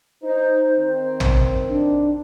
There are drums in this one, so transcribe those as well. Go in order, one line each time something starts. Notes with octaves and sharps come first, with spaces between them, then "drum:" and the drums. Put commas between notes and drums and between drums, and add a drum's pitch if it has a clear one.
D#4 C5
D#3 C4
drum: tom
D4